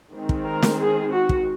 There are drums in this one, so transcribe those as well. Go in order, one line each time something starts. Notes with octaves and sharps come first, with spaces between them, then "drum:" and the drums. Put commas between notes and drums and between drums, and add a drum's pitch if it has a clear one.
D#3 G#3 C4
drum: kick
A#4
drum: snare
G#4
F#4
drum: kick